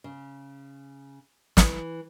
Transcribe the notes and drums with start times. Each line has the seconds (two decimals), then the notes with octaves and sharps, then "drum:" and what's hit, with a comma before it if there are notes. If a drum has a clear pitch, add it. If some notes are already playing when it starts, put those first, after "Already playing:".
0.04 C#3
1.57 E3, drum: snare